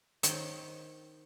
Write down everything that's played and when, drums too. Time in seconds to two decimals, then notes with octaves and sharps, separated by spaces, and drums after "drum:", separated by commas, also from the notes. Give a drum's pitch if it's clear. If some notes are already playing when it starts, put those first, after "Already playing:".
0.23 D#3 C5 C#5, drum: hi-hat